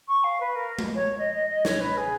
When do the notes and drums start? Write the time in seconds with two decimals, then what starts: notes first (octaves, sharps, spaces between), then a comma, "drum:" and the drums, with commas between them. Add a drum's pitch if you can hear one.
0.08 C#6
0.24 F5
0.40 B4
0.55 A#4
0.79 drum: tom G#3
0.95 C#5
1.18 D#5
1.34 D#5
1.50 D#5
1.65 C#5, drum: snare
1.81 B4
1.97 G#4